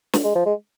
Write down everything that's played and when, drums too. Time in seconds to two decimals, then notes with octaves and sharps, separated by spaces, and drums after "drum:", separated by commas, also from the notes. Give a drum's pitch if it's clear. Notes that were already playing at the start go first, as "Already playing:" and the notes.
0.13 drum: snare
0.24 G#3
0.35 F3
0.46 G#3